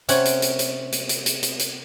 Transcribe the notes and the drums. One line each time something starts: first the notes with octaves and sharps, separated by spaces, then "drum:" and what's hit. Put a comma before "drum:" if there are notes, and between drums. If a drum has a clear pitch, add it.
C3 C#4 F#5, drum: hi-hat
drum: hi-hat
drum: hi-hat
drum: hi-hat
drum: hi-hat
drum: hi-hat
drum: hi-hat
drum: hi-hat
drum: hi-hat